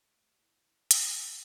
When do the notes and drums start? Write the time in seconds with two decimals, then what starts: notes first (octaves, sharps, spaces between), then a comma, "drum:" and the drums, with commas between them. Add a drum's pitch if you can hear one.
0.01 A2 A3 C4 E5
0.14 D5
0.26 G4
0.40 E4
0.52 E4
0.77 G4
0.91 drum: hi-hat
1.03 G4